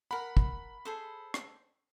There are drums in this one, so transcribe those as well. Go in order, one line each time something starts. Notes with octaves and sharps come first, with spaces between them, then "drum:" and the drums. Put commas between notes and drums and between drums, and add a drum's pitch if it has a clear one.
A#4 F#5 B5
drum: kick
G#4 A4 C5
drum: rim click